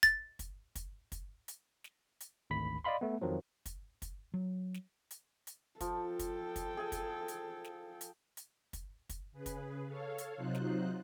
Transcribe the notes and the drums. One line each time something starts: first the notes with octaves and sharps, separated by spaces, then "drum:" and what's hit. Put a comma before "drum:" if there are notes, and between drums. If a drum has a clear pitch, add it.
A6, drum: kick, hi-hat
drum: kick, hi-hat
drum: kick, hi-hat
drum: kick, hi-hat
drum: hi-hat
drum: snare
drum: hi-hat
G#1 D2 B5 B6
D5 D#5 F5 B5 C6
A3 B3
F2 D#3 F3 F#3
drum: kick, hi-hat
drum: kick, hi-hat
F#3
drum: snare
drum: hi-hat
drum: hi-hat
F3 A4 G5, drum: kick, hi-hat
drum: kick, hi-hat
drum: kick, hi-hat
G#4 G#5
drum: kick, hi-hat
drum: hi-hat
drum: snare
drum: hi-hat
drum: hi-hat
drum: kick, hi-hat
drum: kick, hi-hat
C#3 G#4 B4
drum: kick, hi-hat
A4 C#5 F5
drum: hi-hat
C3 F#3 D#4 F4 C5 F#6
drum: snare